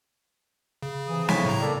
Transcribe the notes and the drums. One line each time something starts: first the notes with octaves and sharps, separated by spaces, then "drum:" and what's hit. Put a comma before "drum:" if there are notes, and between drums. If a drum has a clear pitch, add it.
C#3
C3 E3 D#6
C#3 A3 C4 C#5 B6, drum: snare
A2 A#5
A#3 A4 D5